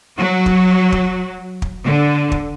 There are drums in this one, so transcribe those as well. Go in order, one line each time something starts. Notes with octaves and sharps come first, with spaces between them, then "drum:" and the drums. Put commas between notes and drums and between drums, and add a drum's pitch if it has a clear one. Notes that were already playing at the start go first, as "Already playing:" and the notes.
F#3
drum: kick
drum: kick
drum: kick
D3
drum: kick